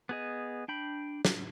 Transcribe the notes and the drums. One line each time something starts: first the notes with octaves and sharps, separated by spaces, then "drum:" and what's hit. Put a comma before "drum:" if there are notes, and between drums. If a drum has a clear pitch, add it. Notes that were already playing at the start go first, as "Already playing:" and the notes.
B3 G#4 D#5
D4 G5 B5
drum: snare